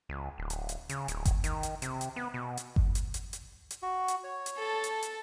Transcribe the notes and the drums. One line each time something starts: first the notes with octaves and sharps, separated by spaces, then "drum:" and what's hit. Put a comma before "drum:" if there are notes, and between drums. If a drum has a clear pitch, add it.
C#2
D1
drum: hi-hat
drum: hi-hat
C#3, drum: hi-hat
D1, drum: hi-hat
drum: kick G1, hi-hat
D#3, drum: hi-hat
drum: hi-hat
C3, drum: hi-hat
drum: hi-hat
B3
B2
drum: hi-hat
drum: kick G1
drum: hi-hat
drum: hi-hat
drum: hi-hat
drum: hi-hat
F#4
drum: hi-hat
C#5
drum: hi-hat
A4 A5
drum: hi-hat
drum: hi-hat